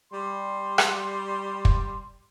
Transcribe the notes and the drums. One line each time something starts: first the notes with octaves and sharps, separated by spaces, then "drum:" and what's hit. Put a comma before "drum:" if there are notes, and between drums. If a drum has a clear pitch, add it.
G3 C6
drum: rim click
drum: kick